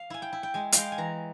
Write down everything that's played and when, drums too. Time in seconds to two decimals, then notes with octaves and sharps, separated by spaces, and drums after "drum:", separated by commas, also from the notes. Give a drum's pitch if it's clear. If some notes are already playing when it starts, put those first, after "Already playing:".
Already playing: F5
0.10 E4 G#5
0.22 G5
0.33 E4
0.43 G5
0.54 G#3 G#5
0.72 G#3 F5 G5, drum: hi-hat
0.92 G#5
0.98 E3 A#5